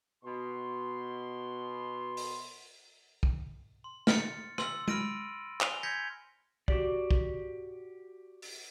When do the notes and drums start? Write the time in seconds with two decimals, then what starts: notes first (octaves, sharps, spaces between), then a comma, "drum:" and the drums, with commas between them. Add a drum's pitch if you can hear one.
0.24 B2 C6
2.17 drum: open hi-hat
3.23 drum: kick
3.84 C6
4.07 F6 A6 C#7, drum: snare
4.58 C6 E6 F#7, drum: rim click
4.88 B5 F6 A#6 D7 D#7, drum: tom G#3
5.61 G#5 F7 G7, drum: clap
5.83 G6 G#6 A#6 B6 C#7
6.68 F#4 G4 D5, drum: kick
7.11 drum: kick
8.42 drum: open hi-hat